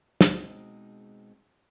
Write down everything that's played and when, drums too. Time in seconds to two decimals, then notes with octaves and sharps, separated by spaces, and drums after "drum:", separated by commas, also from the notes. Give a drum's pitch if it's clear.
0.21 B2 G#3 C4 D#4, drum: snare